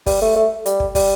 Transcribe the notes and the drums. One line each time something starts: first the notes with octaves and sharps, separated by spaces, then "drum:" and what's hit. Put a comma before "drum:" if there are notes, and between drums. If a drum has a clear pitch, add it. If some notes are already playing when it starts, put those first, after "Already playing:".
G3, drum: kick, open hi-hat
A3
A3
G3, drum: hi-hat
drum: kick
G3, drum: kick, open hi-hat